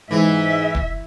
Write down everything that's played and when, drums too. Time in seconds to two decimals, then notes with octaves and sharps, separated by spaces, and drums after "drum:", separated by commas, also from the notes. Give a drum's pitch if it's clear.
0.11 G#2 E3 E5
0.75 drum: kick